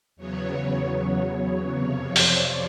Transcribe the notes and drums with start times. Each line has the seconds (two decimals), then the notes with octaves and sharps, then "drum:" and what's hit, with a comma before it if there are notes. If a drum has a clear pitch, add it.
0.16 E2 C#3 F#3 B3 C#5
1.76 F2 C3 F3 C#5
2.16 C5 D5, drum: open hi-hat